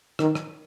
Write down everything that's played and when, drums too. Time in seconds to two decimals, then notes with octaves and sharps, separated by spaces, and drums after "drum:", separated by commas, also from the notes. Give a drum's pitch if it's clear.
0.19 D#3, drum: rim click
0.35 drum: rim click